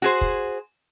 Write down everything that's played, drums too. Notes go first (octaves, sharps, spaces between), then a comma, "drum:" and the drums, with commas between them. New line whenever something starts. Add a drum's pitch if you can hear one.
F#4 G#4 C5
drum: kick